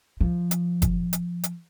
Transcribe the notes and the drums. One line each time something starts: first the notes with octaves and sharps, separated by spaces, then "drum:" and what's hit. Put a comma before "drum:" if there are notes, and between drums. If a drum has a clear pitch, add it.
F3
drum: hi-hat
drum: kick F#1, hi-hat
drum: hi-hat
drum: hi-hat